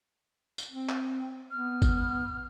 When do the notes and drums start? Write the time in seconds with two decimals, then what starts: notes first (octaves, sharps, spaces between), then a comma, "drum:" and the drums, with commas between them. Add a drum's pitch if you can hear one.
0.58 drum: tambourine
0.71 C4
0.89 drum: clap
1.51 B3 F6
1.82 drum: kick G1, tambourine